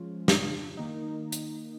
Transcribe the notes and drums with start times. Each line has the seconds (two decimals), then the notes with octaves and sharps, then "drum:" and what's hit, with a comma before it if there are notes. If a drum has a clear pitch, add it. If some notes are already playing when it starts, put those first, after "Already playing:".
Already playing: F3 G#3 C#4 F4
0.28 drum: snare
0.77 D#3 A#3 D#4
1.32 drum: hi-hat